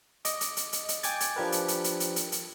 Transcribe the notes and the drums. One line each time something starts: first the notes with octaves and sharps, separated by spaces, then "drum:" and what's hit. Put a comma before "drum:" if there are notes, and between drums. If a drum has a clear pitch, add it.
D#5 D6, drum: hi-hat
drum: hi-hat
drum: hi-hat
drum: hi-hat
drum: hi-hat
G5 G#5 D6 G#6 A6, drum: hi-hat
drum: hi-hat
F3 D4 G4 A#4 B4
drum: hi-hat
drum: hi-hat
drum: hi-hat
drum: hi-hat
drum: hi-hat
drum: hi-hat